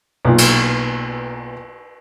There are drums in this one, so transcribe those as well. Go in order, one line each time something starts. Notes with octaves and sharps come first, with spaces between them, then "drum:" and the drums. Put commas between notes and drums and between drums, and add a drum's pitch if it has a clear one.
B1 A#2
drum: cymbal